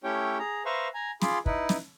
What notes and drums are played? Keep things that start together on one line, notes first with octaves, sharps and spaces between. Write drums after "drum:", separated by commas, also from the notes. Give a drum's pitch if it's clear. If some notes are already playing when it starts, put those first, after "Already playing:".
A3 C#4 E4 G4 C#5 G5
G#4 A#5
B4 C5 E5 F5 A#5 C#6
G#5 A#5
F4 G#4 B5 C6 D6, drum: snare
D#4 E4 B4, drum: kick
drum: snare